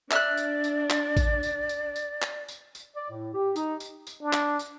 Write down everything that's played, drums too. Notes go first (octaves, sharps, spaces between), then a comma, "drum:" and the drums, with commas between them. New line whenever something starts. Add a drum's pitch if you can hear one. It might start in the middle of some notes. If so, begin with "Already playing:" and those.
D4 D5 E5 F6 F#6, drum: clap
drum: tambourine
drum: tambourine
drum: clap
drum: kick, tambourine
drum: tambourine
drum: tambourine
drum: tambourine
drum: clap
drum: tambourine
drum: tambourine
D5
A2
G4
D#4, drum: tambourine
drum: tambourine
drum: tambourine
D4
drum: clap
drum: tambourine